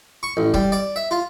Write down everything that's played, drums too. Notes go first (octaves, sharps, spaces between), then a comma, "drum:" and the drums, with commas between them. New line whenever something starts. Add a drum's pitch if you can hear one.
C#6
A1
G3, drum: kick
D5
E5
F4